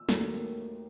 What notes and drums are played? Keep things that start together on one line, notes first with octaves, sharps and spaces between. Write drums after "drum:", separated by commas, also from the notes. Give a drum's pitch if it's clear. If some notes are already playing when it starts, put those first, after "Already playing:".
Already playing: E6
D#2 D#3 F#3 A3, drum: snare